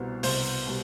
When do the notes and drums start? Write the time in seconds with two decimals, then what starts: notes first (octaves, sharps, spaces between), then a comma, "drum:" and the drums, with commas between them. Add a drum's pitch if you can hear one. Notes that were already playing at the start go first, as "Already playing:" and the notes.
Already playing: C2 B2 G3 B3 C5
0.23 C2 C5, drum: open hi-hat
0.67 B2 G3